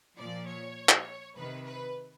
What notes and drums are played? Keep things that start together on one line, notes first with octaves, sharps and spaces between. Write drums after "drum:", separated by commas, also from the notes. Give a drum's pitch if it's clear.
A#2 F3 D5
C#5
drum: clap
C3 D#3 B4
B4